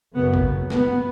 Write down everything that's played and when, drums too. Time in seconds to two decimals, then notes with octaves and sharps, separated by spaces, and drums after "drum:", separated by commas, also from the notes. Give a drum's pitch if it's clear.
0.15 F#1 F#2 C#3 B3
0.34 drum: kick A1
0.70 B3, drum: snare